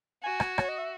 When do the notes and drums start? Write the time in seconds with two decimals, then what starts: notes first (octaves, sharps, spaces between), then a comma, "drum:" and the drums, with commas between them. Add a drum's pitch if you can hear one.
0.23 F#4 G#5
0.40 drum: rim click
0.58 C#5, drum: rim click
0.69 D#5
0.78 E5